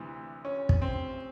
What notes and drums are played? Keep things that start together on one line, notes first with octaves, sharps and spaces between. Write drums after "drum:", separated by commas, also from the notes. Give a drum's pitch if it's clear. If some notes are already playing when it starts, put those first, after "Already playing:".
Already playing: D2 C3 E3
C#4
drum: kick
C4